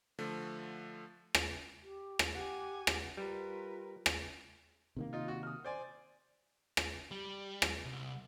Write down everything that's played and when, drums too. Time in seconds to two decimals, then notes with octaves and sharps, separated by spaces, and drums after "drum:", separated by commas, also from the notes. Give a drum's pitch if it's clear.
0.19 D3 F3 A3
1.35 drum: rim click
1.83 G4
2.19 drum: rim click
2.33 G4 F#5 G#5
2.87 drum: rim click
3.17 G3 F4 A#4 B4
4.06 drum: rim click
4.97 C3 D#3 A#3
5.13 D#4 F4
5.28 F#4
5.43 D#6 F6
5.64 C5 D5 G#5
6.77 drum: rim click
7.11 G3
7.62 drum: rim click
7.85 C2